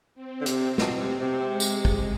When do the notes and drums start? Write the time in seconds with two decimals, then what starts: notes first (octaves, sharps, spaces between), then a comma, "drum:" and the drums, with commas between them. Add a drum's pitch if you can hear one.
0.15 C4
0.41 D3
0.46 C3, drum: hi-hat
0.78 B2 C4, drum: snare
1.00 C3
1.21 C3
1.42 G#3
1.60 drum: tambourine
1.85 drum: kick